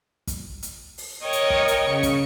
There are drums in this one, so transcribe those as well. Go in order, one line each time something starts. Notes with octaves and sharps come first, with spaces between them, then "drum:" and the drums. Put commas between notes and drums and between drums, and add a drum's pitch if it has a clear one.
drum: kick, hi-hat
drum: hi-hat
drum: open hi-hat
A#4 C#5 D#5 G5 G#6
drum: hi-hat
drum: kick
drum: hi-hat
C#3 C#6
drum: kick, hi-hat